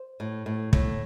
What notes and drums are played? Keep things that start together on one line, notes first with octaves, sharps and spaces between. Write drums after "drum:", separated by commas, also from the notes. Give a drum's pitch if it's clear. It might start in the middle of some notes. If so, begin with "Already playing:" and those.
Already playing: C5
A2
A2
A2, drum: kick